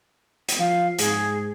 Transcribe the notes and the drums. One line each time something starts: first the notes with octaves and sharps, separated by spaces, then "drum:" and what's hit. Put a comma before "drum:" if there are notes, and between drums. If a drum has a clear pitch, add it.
drum: hi-hat
F3 F5
G#2 G#4, drum: hi-hat